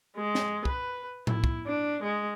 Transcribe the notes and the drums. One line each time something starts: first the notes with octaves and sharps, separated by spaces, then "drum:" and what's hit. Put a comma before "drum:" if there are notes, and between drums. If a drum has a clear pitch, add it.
G#3
drum: snare
B4, drum: kick
E4, drum: tom A2
drum: kick
D4
G#3